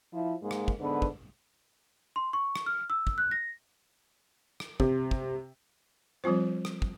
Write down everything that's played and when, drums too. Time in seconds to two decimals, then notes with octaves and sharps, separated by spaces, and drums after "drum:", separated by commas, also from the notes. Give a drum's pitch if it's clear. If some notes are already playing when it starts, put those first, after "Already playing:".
0.12 F3 E4
0.42 G#2 G#3 A#3
0.51 drum: rim click
0.68 drum: kick
0.80 G#2 D3 B3 B4
1.02 drum: kick
2.16 C6
2.33 C#6
2.56 drum: rim click
2.66 F6
2.90 E6
3.07 drum: kick
3.18 F#6
3.31 A#6
4.60 drum: rim click
4.80 C3, drum: kick
5.11 drum: kick
6.24 F3 G3 C4 F4 C5
6.65 drum: rim click
6.82 drum: kick